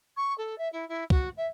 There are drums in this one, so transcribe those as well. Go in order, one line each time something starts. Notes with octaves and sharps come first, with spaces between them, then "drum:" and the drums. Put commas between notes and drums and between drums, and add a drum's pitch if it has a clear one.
C#6
A4
E5
E4
E4
F#4, drum: kick C2
E5